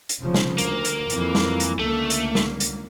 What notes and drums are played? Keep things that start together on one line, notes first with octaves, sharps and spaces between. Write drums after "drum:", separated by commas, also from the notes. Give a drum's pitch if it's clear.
drum: hi-hat
F1 C#3 F3
drum: snare
D2 A#3, drum: hi-hat
drum: hi-hat
F2 E3, drum: hi-hat
drum: snare
drum: hi-hat
C#2 D3 A3 A#3
drum: hi-hat
drum: snare
drum: hi-hat